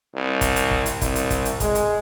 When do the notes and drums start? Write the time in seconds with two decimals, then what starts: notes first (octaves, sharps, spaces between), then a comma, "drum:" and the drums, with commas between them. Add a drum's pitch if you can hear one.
0.15 C2
0.41 drum: kick, hi-hat
0.56 drum: hi-hat
0.71 drum: kick
0.86 drum: hi-hat
1.01 C2, drum: kick, hi-hat
1.15 drum: hi-hat
1.30 drum: kick, hi-hat
1.45 drum: hi-hat
1.60 G#3, drum: kick, hi-hat
1.75 drum: hi-hat